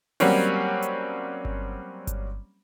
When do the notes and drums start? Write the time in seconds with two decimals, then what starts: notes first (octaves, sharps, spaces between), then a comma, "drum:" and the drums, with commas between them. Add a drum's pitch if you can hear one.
0.20 F#3 G3 A#3 C4 C#4, drum: open hi-hat
0.82 drum: hi-hat
1.45 drum: kick G1
2.07 drum: kick G1, hi-hat